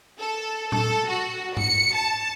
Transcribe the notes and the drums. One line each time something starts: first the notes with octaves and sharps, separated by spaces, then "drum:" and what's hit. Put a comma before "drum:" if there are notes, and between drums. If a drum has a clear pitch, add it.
A4
A4, drum: tom A#2
F#4
C#7, drum: tom G#2
A5